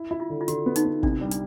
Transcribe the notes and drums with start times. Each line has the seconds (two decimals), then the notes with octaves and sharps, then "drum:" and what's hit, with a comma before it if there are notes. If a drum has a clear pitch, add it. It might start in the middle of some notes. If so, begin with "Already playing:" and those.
Already playing: E4
0.11 E4
0.20 F4
0.30 D3
0.41 F4
0.48 D3 F#4, drum: hi-hat
0.66 B3
0.76 D#4, drum: hi-hat
0.84 B3
1.03 C2 D4, drum: kick
1.21 G3
1.31 D4, drum: hi-hat